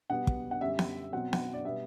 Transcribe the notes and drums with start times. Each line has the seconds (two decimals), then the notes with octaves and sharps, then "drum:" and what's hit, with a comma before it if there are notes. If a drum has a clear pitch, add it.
0.10 B2 G3 B3 F#5
0.27 drum: kick
0.51 F#5
0.61 F#2 D3 G3 E5
0.79 drum: snare B3
1.12 B2 F#3 C4 F#5
1.33 F#5, drum: snare B3
1.53 D5
1.65 B2 G3 B3 E5